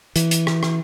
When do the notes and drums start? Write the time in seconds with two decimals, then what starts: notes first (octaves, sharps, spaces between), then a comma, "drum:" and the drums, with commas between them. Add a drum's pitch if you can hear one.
0.16 E3, drum: hi-hat
0.31 drum: hi-hat
0.47 drum: rim click
0.63 drum: rim click